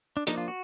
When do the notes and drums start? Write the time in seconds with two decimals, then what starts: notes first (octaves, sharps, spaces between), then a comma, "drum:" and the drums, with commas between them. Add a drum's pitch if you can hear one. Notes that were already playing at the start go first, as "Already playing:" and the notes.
0.17 D4
0.27 F3 A#3 D4 D#4, drum: hi-hat
0.37 F4
0.48 F#4